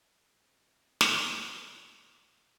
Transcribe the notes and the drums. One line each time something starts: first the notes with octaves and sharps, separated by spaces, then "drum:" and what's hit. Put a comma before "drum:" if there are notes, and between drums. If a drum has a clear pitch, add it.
F#2 A2 C3 F3 G#3
drum: snare